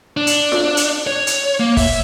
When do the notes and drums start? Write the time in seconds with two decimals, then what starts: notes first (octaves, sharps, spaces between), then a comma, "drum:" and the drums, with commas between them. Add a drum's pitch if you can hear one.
0.17 D4
0.27 drum: hi-hat
0.52 drum: snare F4
0.77 drum: hi-hat
1.07 C#5
1.27 drum: hi-hat
1.60 A#3
1.77 E5, drum: kick, open hi-hat